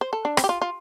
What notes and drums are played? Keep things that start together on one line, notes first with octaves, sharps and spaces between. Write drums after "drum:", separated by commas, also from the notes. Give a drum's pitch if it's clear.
C5
A4
D4
C4, drum: rim click
G4
F4
F4